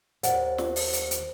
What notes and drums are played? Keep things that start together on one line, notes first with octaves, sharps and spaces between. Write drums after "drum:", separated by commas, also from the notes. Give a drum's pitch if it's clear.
D#2 C5 D5 F#5, drum: hi-hat
drum: snare
drum: open hi-hat
drum: hi-hat
drum: hi-hat